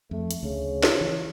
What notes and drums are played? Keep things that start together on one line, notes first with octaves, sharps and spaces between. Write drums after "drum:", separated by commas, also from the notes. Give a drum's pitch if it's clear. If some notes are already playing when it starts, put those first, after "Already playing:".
F2 A3
drum: hi-hat
D2 C#3
drum: snare
E3